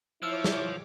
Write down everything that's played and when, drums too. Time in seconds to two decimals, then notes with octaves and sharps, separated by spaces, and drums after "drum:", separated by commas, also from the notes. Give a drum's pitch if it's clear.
0.22 F3 E4 C#5 D6 E6 F6 D7
0.44 drum: snare